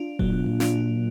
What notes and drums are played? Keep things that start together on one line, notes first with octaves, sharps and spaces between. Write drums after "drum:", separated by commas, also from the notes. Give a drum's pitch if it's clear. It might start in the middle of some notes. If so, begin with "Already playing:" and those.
Already playing: D4 F4
A#2 F#3, drum: kick E1
B2
A#2
D4 F4, drum: snare